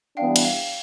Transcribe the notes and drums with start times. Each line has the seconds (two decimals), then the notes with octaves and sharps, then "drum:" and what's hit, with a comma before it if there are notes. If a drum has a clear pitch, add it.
0.17 E3 G3 B3 D4 F5 G5
0.36 drum: cymbal
0.45 F5